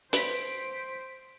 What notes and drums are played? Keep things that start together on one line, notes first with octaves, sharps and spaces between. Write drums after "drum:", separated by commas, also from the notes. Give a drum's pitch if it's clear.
B4 C5 B6 D7, drum: hi-hat